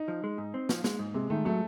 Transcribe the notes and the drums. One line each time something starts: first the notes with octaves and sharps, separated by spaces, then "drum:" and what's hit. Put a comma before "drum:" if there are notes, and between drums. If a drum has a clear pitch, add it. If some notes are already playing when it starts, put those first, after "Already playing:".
Already playing: D#4
F3
G#3
G#2
C4
F3, drum: snare
G#3, drum: snare
G#2
C3 G#3
D#3 A3
F#3 A3